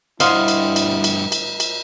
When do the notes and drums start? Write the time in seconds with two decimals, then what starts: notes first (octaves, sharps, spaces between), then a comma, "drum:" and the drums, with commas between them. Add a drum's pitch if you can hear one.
0.20 D2 G2 E4 C5 D#5 F5 F#5 C6, drum: cymbal
0.48 drum: cymbal
0.76 drum: cymbal
1.04 drum: cymbal
1.32 drum: cymbal
1.60 drum: cymbal